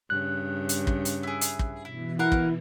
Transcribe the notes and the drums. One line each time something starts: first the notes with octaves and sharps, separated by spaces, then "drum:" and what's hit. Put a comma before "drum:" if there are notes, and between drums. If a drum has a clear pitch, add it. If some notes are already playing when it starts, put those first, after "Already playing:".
G2 C#3 F#6
drum: hi-hat
drum: kick
drum: hi-hat
E4 G#4
drum: hi-hat
drum: kick
B2 E3 E4
E4 A#4 F5 F#5
drum: kick